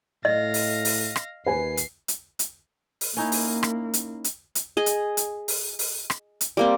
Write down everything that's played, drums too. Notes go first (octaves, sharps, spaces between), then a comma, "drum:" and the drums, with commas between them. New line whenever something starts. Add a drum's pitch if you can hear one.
A2 D#5 F5 A#6
drum: open hi-hat
drum: open hi-hat
drum: rim click
D#2 B4 G#5 C7
drum: hi-hat
drum: hi-hat
drum: hi-hat
drum: open hi-hat
A#3 C#4 D#4 E4
drum: open hi-hat
drum: rim click
drum: hi-hat
drum: hi-hat
drum: hi-hat
G#4 D#5
drum: hi-hat
drum: hi-hat
drum: open hi-hat
drum: open hi-hat
drum: rim click
drum: hi-hat
G3 A#3 C4